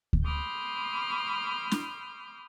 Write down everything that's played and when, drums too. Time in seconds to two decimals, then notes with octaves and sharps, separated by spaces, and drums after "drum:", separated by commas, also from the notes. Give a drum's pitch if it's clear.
0.13 drum: kick D2
0.24 B5 C6 D6 D#6 F6 G6
1.72 drum: snare